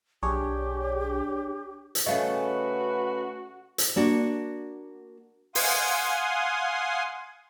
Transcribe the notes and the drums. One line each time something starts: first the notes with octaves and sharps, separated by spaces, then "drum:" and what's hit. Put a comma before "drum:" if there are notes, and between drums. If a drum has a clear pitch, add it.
B1 D4 G4 G#4 C#5
drum: hi-hat
C#3 A3 C#4 F#4 B4 D#5 F5
drum: hi-hat
A#3 D4 F#4
F5 F#5 G#5 C6 D#6, drum: open hi-hat